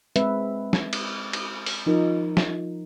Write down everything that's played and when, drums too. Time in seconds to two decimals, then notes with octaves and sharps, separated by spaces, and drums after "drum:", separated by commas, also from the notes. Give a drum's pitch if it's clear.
0.16 G#3 C4 B4 E5, drum: hi-hat
0.73 drum: snare
0.93 drum: cymbal
1.33 drum: cymbal
1.66 drum: open hi-hat
1.86 F3 D#4 F4 A#4
2.37 drum: snare